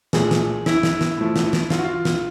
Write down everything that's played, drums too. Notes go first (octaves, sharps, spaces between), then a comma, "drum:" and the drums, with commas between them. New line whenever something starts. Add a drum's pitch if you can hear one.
A#2 F3 A3 G#4, drum: snare
drum: snare
E4, drum: snare
drum: snare
drum: snare
A2 F3 A3
drum: snare
drum: snare
F4, drum: snare
F#4
F4
drum: snare